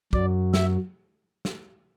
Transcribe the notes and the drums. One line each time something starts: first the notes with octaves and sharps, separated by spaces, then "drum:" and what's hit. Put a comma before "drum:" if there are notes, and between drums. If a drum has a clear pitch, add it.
F#2 F#3 D5, drum: kick
E5, drum: snare
drum: snare